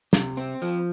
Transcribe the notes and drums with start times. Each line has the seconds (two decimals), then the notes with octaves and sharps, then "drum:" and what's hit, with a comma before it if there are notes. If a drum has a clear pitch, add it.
0.13 C3, drum: snare
0.37 C4
0.62 F3